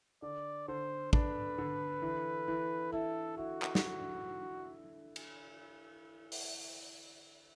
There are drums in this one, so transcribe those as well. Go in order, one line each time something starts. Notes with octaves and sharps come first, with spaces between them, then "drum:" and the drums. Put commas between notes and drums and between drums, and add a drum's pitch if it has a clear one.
D3 D5
D3 C5
D4 B4, drum: kick
D3
E3
E3
E4 A4
E4 F#4
drum: clap
drum: snare
drum: cymbal
drum: open hi-hat